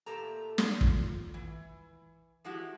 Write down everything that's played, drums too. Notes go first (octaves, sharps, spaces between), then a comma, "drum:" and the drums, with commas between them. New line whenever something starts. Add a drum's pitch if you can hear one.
A#2 A3 G4 A4 A#5
drum: snare
F4, drum: kick
E3
F3 G#3 E4 F#4 G4